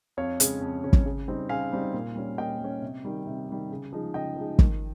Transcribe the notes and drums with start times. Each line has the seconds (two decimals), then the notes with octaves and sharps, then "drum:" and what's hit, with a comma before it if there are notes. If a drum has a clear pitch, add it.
0.17 F2 C#5 F5
0.40 C#3 G#3 C#4, drum: hi-hat
0.61 F2
0.83 C#3 G#3 C#4
0.93 drum: kick
1.06 C#3
1.28 G3 C4 D#4
1.49 C#3 F5 G#5
1.73 G3 C4 D#4
1.93 A#2
2.16 G3 C#4
2.38 A#2 D#5 G5
2.60 G3 C#4
2.82 C3
3.05 D#3 G3
3.27 C3
3.49 D#3 G3
3.71 C#3
3.93 F3 G#3 D#4
4.14 C#3 D#5 G5
4.37 F3 G#3 D#4
4.59 D#3, drum: kick